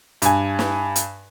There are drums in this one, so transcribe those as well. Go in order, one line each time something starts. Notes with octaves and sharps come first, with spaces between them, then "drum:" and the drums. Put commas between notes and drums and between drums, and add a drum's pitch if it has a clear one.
G2 G#5, drum: hi-hat
drum: snare
drum: hi-hat